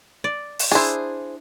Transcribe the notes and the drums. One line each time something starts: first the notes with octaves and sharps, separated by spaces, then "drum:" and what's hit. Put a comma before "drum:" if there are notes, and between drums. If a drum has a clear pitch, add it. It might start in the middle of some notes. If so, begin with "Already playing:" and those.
D5
drum: open hi-hat
D4 E4 G#4 C5